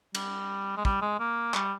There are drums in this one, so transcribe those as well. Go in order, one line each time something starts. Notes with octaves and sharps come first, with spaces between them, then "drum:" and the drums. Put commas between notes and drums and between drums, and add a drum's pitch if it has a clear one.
G3, drum: cymbal
G#3
G3, drum: kick
G#3
A#3
G3, drum: clap